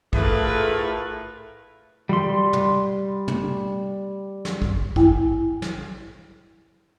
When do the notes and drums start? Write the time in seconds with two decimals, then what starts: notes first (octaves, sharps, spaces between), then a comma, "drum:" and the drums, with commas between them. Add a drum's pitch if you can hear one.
0.13 A2 A3 F4 G#4 A#4 B4, drum: kick
2.09 G3 C6
2.53 drum: tom
3.28 drum: tom
4.45 drum: snare
4.62 drum: kick
4.96 E4 G5 G#5, drum: kick
5.62 drum: snare